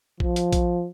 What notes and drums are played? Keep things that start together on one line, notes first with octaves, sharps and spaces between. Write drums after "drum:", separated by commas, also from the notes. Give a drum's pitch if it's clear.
F3, drum: kick A#1
drum: hi-hat
drum: kick A#1, hi-hat